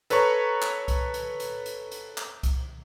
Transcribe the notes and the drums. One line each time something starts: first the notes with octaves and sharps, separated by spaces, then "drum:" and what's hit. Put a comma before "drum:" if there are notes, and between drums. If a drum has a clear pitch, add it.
A4 B4 C#5 A#5 C#6, drum: hi-hat
drum: clap
drum: kick C2, hi-hat
drum: hi-hat
drum: hi-hat
drum: hi-hat
drum: hi-hat
drum: clap
drum: kick C2, hi-hat